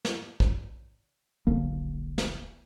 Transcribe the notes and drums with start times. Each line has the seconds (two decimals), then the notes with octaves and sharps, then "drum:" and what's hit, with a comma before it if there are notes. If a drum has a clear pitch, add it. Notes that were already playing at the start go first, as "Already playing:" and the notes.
0.05 drum: snare
0.40 drum: kick
1.47 D#1 B1 D3 A#3
2.18 drum: snare